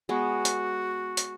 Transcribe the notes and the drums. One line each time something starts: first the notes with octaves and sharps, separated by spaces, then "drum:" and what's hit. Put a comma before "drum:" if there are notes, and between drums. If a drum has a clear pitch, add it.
G#3 B3 F#4
drum: hi-hat
drum: hi-hat